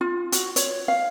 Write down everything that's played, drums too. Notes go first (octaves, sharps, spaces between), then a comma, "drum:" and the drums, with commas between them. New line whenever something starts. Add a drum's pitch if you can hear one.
F4
F#4, drum: hi-hat
C#5, drum: hi-hat
F5